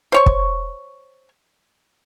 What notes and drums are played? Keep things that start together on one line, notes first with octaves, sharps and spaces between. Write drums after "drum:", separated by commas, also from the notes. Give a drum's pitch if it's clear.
C5 C#5 C#6
drum: kick